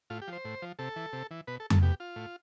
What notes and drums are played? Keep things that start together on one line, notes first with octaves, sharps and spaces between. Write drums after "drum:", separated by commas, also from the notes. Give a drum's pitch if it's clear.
A2 F4
G4
F3
C5
A2
F3
C3 A4
E3
C3
E3
B2 B4
A4
A4, drum: tom F2
B2 G4
F4
A2